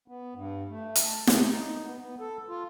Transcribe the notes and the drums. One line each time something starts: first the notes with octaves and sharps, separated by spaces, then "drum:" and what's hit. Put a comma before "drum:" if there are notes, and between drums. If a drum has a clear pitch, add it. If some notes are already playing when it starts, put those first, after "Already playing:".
B3
G2
A3
drum: hi-hat
A5
C3, drum: snare
D#4
B3
B3
A4
F4